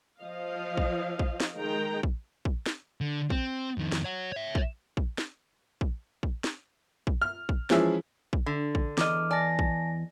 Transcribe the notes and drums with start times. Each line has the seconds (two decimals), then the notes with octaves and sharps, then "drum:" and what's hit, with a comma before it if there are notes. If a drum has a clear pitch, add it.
0.21 F3 D#5 F5
0.77 drum: kick
1.19 drum: kick
1.40 drum: snare
1.57 D#3 G#3 G5 A#5
2.03 drum: kick
2.45 drum: kick
2.66 drum: snare
3.01 D3
3.30 C4, drum: kick
3.78 F2 D#3
3.92 drum: snare
4.04 C#5 F#5
4.32 C#5 E5
4.55 drum: kick
4.97 drum: kick
5.18 drum: snare
5.81 drum: kick
6.23 drum: kick
6.44 drum: snare
7.07 drum: kick
7.22 F6
7.49 drum: kick
7.70 E3 F3 G#3 C#4 E4 G#4, drum: snare
8.33 drum: kick
8.46 D3
8.75 drum: kick
8.98 E2 D#5 D6 F6, drum: snare
9.31 D5 G#5 A5 A#6
9.59 drum: kick